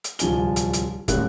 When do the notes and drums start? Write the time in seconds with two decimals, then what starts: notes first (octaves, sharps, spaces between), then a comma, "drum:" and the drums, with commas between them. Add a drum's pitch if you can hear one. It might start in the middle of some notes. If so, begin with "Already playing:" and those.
0.04 drum: hi-hat
0.19 D1 C2 F3 G#5 G7, drum: hi-hat
0.56 drum: hi-hat
0.73 drum: hi-hat
1.08 D#1 A2 G#3 A#3 F#6, drum: kick, hi-hat